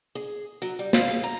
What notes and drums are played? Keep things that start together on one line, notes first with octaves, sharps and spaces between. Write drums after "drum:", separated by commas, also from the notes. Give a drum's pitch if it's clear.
G#4
F#3
G3
F5, drum: snare
G#4
A#5